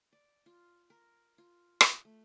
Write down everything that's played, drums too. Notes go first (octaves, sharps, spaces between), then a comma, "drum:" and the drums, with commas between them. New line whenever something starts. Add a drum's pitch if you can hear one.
D5
F4
A#4
F4
drum: rim click
A3